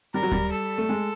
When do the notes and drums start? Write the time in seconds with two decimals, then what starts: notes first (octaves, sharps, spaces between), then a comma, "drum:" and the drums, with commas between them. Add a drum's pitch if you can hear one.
0.14 G3 A#4
0.23 F#3
0.32 G3, drum: kick D2
0.52 A4
0.78 A3
0.89 G#3